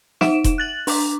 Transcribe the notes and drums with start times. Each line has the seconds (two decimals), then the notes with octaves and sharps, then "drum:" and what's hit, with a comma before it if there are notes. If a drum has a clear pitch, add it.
0.21 D#4 E5 F#5 D7 E7, drum: snare
0.44 drum: kick E1, hi-hat
0.58 F#6 A6 F#7
0.87 D4 A#5 D6, drum: open hi-hat